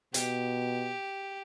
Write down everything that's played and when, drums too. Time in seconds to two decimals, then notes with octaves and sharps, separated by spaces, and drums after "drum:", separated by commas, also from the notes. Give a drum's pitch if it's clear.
0.14 B2 G4, drum: hi-hat